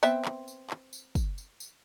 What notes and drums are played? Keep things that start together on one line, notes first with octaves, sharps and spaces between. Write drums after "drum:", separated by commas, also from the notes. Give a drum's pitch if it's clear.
B3 C4 E5, drum: tambourine
drum: clap
drum: tambourine
drum: clap
drum: tambourine
drum: kick, tambourine
drum: tambourine
drum: tambourine